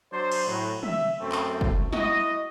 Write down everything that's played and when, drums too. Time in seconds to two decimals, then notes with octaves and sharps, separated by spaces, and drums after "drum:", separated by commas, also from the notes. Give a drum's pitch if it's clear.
0.12 F#3 D4 C5
0.32 drum: cymbal
0.46 A2 F#3
0.83 E5, drum: tom
1.20 F#2 A3 C4
1.32 drum: clap
1.61 drum: kick
1.93 E4 F#4 D#5, drum: snare